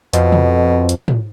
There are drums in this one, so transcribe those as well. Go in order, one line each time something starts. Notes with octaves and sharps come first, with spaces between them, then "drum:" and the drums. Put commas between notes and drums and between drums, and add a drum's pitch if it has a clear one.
F2 B2, drum: hi-hat
drum: tom
drum: hi-hat
drum: tom